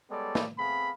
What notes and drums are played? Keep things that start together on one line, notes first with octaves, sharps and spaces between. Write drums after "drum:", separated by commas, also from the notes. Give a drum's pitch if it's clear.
G3 G#3 B3 A4 C#5 D5
drum: snare
A3 B3 C4 G#4 F5 B5